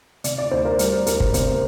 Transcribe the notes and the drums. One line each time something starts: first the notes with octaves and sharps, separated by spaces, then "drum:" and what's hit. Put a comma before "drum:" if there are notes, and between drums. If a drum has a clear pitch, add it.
C3 D5, drum: hi-hat
D5
D2 C5
A#4
G3 A#4, drum: hi-hat
D2 A#4, drum: hi-hat
drum: kick
C3 C5, drum: hi-hat